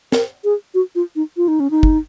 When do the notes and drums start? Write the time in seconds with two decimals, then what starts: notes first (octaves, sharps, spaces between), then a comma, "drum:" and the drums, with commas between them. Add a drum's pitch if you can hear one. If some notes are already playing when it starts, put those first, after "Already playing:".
0.12 A#4, drum: snare
0.44 G#4
0.74 F#4
0.95 F4
1.16 D#4
1.37 F4
1.48 D#4
1.60 C#4
1.71 D#4
1.83 drum: kick